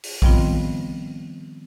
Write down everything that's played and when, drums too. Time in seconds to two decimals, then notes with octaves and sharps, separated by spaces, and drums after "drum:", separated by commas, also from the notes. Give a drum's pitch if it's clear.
0.04 drum: open hi-hat
0.22 D#3 F3 G3 B3 C4 F4, drum: kick A#1